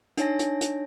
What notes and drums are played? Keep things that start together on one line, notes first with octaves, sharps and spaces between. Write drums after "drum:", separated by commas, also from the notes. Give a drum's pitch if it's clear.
D4 D#4 C#5 G#5 A#6, drum: hi-hat
drum: hi-hat
drum: hi-hat